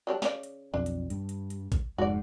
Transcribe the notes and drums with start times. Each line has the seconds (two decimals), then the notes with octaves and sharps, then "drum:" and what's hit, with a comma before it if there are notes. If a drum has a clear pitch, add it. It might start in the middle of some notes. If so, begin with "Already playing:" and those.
0.07 F#3 G3 D4
0.22 C#3 D5, drum: snare
0.43 drum: hi-hat
0.74 B1 F2 D4
0.86 drum: hi-hat
1.10 G2, drum: hi-hat
1.29 drum: hi-hat
1.50 drum: hi-hat
1.72 drum: kick, hi-hat
1.98 F1 G#2 F#4 D5